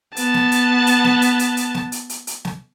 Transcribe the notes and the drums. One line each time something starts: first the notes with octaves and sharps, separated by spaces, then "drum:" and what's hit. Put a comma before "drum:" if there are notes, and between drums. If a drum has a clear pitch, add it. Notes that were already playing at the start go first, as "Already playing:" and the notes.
B3 A5, drum: hi-hat
drum: snare
drum: hi-hat
drum: hi-hat
drum: snare
drum: hi-hat
drum: hi-hat
drum: hi-hat
drum: snare
drum: hi-hat
drum: hi-hat
drum: hi-hat
drum: snare